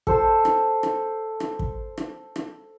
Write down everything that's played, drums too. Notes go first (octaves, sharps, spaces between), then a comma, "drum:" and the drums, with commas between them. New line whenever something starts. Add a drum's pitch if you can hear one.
A4 C5, drum: kick
drum: rim click
drum: rim click
drum: rim click
drum: kick
drum: rim click
drum: rim click